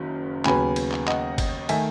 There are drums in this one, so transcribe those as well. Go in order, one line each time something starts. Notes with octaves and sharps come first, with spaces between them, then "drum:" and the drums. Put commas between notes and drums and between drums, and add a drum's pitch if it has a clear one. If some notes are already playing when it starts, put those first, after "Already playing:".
Already playing: F#1 F#2 D#3
D#2 C#3 F#3 B3 G#5 B5, drum: clap
drum: cymbal
drum: clap
D#5 F#5, drum: clap
drum: kick, cymbal
D#3 A3 E5 G#5, drum: cymbal